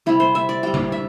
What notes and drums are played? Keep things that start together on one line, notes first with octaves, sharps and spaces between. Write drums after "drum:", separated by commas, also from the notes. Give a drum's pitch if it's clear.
C3 G3 E4
C5
E5
D5
C3 G3 G5
drum: tom C#3
E5